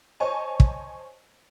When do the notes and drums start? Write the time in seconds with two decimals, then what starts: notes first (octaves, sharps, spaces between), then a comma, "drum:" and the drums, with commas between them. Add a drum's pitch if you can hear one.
0.20 C5 C#5 D#5 G#5 A5 C#6
0.60 drum: kick